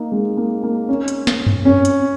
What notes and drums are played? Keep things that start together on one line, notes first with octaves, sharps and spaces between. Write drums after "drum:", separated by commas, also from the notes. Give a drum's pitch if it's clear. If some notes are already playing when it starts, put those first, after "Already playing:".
Already playing: A#3 D#4
G#3
A#3
A#3
C#4
drum: hi-hat
drum: snare
drum: tom F#2
C#4
drum: hi-hat